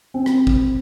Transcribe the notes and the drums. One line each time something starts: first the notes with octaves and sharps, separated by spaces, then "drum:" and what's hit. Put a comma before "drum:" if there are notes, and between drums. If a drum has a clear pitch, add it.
C4
drum: rim click
drum: kick